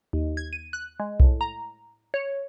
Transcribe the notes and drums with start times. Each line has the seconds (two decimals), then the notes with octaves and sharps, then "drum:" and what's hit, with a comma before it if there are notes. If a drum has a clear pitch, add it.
0.13 D#2
0.37 G#6
0.53 D#7
0.73 F#6
1.00 G#3
1.20 A2, drum: kick B1
1.41 A#5
2.14 C#5